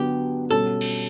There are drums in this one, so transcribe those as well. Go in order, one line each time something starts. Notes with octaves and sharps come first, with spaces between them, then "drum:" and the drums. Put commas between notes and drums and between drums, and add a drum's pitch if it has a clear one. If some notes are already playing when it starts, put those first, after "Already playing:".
Already playing: D3 F#3 B3 G4
B2 G3 C#4 A4
drum: cymbal